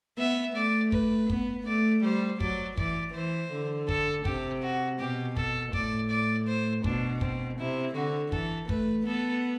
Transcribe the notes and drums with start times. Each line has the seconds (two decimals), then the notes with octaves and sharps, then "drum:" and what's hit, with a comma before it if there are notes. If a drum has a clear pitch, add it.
0.18 B3 E5
0.56 A3 D5
0.92 B4, drum: kick
1.30 B3, drum: kick
1.66 A3 D5
2.04 G3 C5
2.40 F#3 D5, drum: kick
2.77 E3 D5, drum: kick
3.14 E3 C5
3.52 D3
3.89 A4, drum: kick
4.25 C3 G4, drum: kick
4.63 F#4
4.99 B2 G4
5.37 A4, drum: kick
5.73 A2 D5, drum: kick
6.10 D5
6.48 C5
6.84 B2 D4, drum: kick
7.21 C4, drum: kick
7.59 C3 E4
7.95 D3 F#4
8.32 E3 A4, drum: kick
8.69 A3 B4, drum: kick
9.06 B3 A4